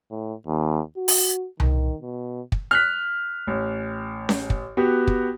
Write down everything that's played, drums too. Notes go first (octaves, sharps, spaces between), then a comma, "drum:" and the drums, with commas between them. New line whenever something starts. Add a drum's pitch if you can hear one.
A2
D#2
F#4
drum: open hi-hat
D#3, drum: tom C2
B2
drum: kick
F6 F#6 B6
A1
drum: snare C#4
drum: kick
B3 F#4 G4
drum: kick